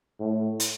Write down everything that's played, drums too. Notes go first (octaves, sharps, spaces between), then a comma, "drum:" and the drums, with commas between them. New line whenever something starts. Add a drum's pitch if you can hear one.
A2
drum: hi-hat